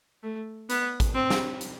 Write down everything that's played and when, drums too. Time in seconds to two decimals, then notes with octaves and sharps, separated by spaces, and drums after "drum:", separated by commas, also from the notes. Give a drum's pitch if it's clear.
0.23 A3
0.70 B3, drum: hi-hat
1.00 drum: kick, hi-hat
1.15 C4
1.30 drum: snare
1.61 drum: hi-hat